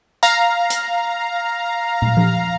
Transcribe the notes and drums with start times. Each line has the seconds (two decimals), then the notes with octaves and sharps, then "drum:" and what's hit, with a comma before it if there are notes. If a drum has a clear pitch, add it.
0.23 F5 A#5, drum: tambourine
0.70 drum: hi-hat
2.02 drum: tom
2.17 drum: tom F3